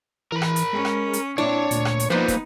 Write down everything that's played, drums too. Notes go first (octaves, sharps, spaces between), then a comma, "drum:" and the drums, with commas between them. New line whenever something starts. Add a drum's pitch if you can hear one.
E3 A#4 B5
drum: rim click
drum: hi-hat
G#3 C#4
drum: rim click
drum: hi-hat
A#2 C4 D4 E4 C#5
D2 A#2, drum: hi-hat
drum: rim click
drum: hi-hat
F3 G3 A#3 B3 D#4 B4 C5
drum: kick, hi-hat